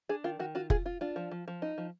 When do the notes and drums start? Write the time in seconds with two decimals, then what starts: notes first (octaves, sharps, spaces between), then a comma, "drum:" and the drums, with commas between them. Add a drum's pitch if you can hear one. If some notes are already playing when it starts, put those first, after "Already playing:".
0.09 D4 G#4
0.24 D#3 F4
0.39 D#3 F#4
0.55 F4 F#4
0.70 F4 G#4, drum: kick F1
0.86 F4
1.01 D4 F4
1.16 F3
1.31 F3
1.48 F3
1.62 D#4
1.78 F3